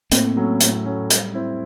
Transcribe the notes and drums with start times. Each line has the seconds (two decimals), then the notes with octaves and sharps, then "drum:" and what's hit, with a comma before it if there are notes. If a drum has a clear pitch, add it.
0.11 A2 A#3 C4, drum: hi-hat
0.36 F#3 A3 C#4
0.60 A2, drum: hi-hat
0.85 F#3 A3 C#4
1.10 G3, drum: hi-hat
1.34 C4 E4